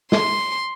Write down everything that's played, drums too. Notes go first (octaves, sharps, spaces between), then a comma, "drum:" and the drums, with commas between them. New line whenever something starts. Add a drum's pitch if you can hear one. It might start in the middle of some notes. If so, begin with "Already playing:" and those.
C6, drum: snare